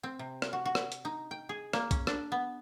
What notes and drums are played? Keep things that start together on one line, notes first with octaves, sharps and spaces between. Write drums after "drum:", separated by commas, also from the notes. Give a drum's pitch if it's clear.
C4
C3
drum: rim click
F#4
F#4
drum: rim click
drum: hi-hat
D#4
G5
G#4
A#3, drum: rim click
C#4, drum: kick, hi-hat
D4, drum: rim click
B3